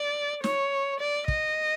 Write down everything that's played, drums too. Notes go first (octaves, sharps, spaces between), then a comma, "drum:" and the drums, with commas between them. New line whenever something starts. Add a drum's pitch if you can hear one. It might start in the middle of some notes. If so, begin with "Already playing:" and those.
Already playing: D5
C#5, drum: snare
D5
D#5, drum: kick